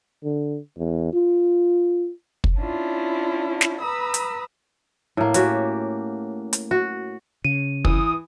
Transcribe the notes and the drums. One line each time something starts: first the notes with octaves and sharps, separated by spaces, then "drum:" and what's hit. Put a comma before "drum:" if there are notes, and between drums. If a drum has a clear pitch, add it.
D3
E2
F4
drum: kick
C#4 D4 E4 F4
drum: snare
B4 A#5 B5 D#6 E6
drum: hi-hat
A2 A#3
C#4 F#4 G4, drum: hi-hat
drum: hi-hat
F#4
C#3 D#7
E3 D#6, drum: kick